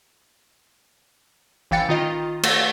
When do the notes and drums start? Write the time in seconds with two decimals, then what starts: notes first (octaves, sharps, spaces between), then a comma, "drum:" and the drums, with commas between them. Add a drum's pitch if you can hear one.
1.71 A1 E3 F5 G5 A6 C#7
1.89 D#3 F4 D#5
2.43 A3, drum: cymbal